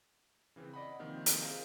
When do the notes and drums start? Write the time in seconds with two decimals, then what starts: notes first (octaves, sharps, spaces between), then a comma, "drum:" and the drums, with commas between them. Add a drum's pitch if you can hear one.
0.56 C#3 E3 C4
0.74 D5 D#5 F#5 B5
0.99 C3 D#3 F3 A#3 C4
1.26 drum: hi-hat
1.43 F4 G#4 A#4 C5 E5 F5